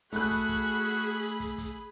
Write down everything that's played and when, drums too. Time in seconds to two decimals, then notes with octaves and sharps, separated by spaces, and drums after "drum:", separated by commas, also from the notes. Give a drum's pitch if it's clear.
0.13 A3 F#4 G#4 B5 F#6, drum: hi-hat
0.31 drum: kick, hi-hat
0.49 drum: kick, hi-hat
0.67 drum: open hi-hat
0.85 drum: open hi-hat
1.22 drum: hi-hat
1.40 drum: kick, hi-hat
1.58 drum: kick, hi-hat